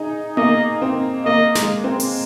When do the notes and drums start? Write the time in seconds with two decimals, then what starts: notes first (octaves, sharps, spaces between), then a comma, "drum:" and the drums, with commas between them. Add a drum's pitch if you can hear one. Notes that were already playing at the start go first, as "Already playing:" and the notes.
Already playing: D#4 G#4
0.37 A#3 D#5, drum: tom B3
0.82 C4
1.25 A#3 D#5
1.55 G#3, drum: snare
1.84 C4
2.00 drum: open hi-hat